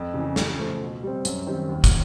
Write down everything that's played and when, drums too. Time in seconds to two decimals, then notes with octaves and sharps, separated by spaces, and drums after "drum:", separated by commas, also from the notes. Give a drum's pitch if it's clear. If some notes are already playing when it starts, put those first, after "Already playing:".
Already playing: F2
0.14 C#3
0.19 E3
0.36 C#3, drum: snare
0.59 F3 A3
0.80 B2
1.03 G3 C4
1.25 F#2, drum: hi-hat
1.47 D#3 G3 C4
1.69 D#2
1.84 drum: kick, hi-hat